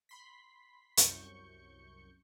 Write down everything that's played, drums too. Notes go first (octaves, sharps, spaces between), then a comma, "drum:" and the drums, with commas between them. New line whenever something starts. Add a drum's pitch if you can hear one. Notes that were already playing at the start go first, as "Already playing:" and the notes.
B5 C6 B6
C2 F#2 C#6 G6 C#7, drum: hi-hat